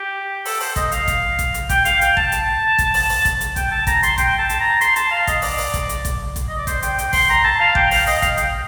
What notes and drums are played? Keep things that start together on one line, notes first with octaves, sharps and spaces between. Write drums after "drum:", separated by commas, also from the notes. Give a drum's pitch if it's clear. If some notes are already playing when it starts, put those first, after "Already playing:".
Already playing: G4
A4, drum: open hi-hat
C5, drum: open hi-hat
D#5, drum: kick, hi-hat
F5, drum: hi-hat
drum: kick, hi-hat
drum: kick, hi-hat
drum: hi-hat
G5, drum: kick, hi-hat
F5, drum: hi-hat
G5, drum: hi-hat
A5, drum: kick
drum: hi-hat
drum: kick, hi-hat
drum: open hi-hat
drum: open hi-hat
drum: kick, hi-hat
drum: hi-hat
G5, drum: kick, hi-hat
A5
A#5, drum: kick, hi-hat
C6, drum: hi-hat
G5, drum: kick, hi-hat
A5
drum: hi-hat
A#5
C6, drum: hi-hat
A5, drum: hi-hat
F5
D#5, drum: kick, hi-hat
D5, drum: open hi-hat
drum: open hi-hat
drum: kick, hi-hat
drum: hi-hat
drum: kick, hi-hat
drum: kick, hi-hat
D#5
D5
C5, drum: kick, hi-hat
G5, drum: hi-hat
G5, drum: hi-hat
C6, drum: kick, open hi-hat
A#5
A5
F5
G5, drum: kick
F5, drum: open hi-hat
D#5, drum: open hi-hat
F5, drum: kick, hi-hat
G5, drum: hi-hat